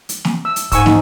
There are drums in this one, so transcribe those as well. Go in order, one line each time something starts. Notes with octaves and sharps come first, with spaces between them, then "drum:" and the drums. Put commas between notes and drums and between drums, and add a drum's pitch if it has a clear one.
drum: hi-hat
drum: snare
E6
drum: hi-hat
G#2 G#5 C#6 E6, drum: kick, hi-hat
D#4, drum: snare